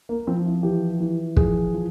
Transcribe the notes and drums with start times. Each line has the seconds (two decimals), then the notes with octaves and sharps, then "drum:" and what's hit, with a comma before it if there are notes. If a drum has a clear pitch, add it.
0.09 A#3
0.27 F3 C4
0.46 E4
0.63 E3 G4
1.00 E3
1.37 F3 G#4, drum: kick
1.74 F3